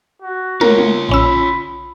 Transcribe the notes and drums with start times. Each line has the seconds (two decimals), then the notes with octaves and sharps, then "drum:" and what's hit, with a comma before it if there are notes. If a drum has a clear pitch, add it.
0.22 F#4
0.61 F4 A#4 C#5, drum: tom
0.78 drum: tom
1.09 A#1 C#4 B5 E6